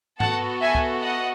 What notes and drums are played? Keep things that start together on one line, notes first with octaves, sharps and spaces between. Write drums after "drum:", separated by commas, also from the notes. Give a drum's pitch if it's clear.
B3 F#4 A4 F#5 A5, drum: tom G#2
E5 G#5
drum: kick
D#5 F#5